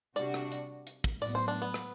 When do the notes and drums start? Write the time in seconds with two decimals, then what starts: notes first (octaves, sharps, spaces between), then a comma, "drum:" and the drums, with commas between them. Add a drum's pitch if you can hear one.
0.16 C3 G3 D4 F#4 D5, drum: hi-hat
0.34 drum: rim click
0.52 drum: hi-hat
0.87 drum: hi-hat
1.04 drum: kick
1.22 A2 F#3 B3 D5, drum: open hi-hat
1.35 C5
1.48 D4
1.62 B3
1.74 drum: rim click